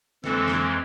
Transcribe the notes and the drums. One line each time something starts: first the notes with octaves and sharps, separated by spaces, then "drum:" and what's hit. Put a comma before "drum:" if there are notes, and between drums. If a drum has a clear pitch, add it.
F2 E3 G#3 C4 A4, drum: snare
drum: snare